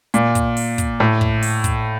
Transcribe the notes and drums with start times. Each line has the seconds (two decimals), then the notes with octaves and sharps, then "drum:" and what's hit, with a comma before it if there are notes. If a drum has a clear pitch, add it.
0.14 A#2, drum: hi-hat
0.35 drum: kick, hi-hat
0.57 drum: open hi-hat
0.78 drum: kick, hi-hat
1.00 A2
1.21 drum: kick
1.42 drum: open hi-hat
1.64 drum: kick, hi-hat